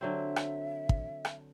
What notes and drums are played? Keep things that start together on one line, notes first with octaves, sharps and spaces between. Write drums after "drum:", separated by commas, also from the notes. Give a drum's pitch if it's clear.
D3 F#3 C4 E5
drum: rim click
drum: kick
drum: rim click